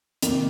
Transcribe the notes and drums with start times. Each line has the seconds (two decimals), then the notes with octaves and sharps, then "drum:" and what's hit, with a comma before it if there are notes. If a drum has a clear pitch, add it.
0.22 F2 C3 D#3 A#3, drum: hi-hat